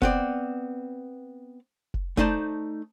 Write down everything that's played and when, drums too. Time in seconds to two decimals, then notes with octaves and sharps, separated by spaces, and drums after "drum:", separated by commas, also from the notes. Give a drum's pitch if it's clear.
0.02 B3 C4 D5, drum: kick F1
1.94 drum: kick F1
2.17 A3 D#4 C5 D5 A5, drum: kick F1